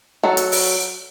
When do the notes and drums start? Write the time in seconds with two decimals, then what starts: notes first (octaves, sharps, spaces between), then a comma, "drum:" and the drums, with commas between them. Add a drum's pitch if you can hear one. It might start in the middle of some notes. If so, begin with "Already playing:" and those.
0.23 F#3 F#4 A4
0.37 drum: hi-hat
0.52 drum: open hi-hat